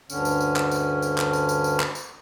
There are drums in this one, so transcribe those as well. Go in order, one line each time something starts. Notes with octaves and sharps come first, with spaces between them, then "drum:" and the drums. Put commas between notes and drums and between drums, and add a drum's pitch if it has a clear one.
D2 G2 D3 C#4, drum: tambourine
drum: tambourine
drum: tambourine
drum: clap
drum: tambourine
drum: tambourine
drum: clap
drum: tambourine
drum: tambourine
drum: tambourine
drum: clap
drum: tambourine